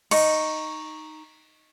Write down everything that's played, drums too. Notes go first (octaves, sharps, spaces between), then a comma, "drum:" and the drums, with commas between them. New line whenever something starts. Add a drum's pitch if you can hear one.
D#4 C#6, drum: cymbal